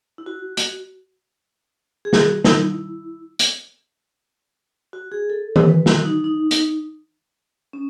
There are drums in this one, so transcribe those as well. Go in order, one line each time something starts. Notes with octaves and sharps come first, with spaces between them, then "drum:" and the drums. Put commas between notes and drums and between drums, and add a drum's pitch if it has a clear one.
E4
F#4
drum: hi-hat
G#4
F#4, drum: snare
D#4, drum: snare
E4
drum: hi-hat
F#4
G#4
A4
drum: tom E3
B4
F#4, drum: snare
D#4
D#4
drum: hi-hat
C#4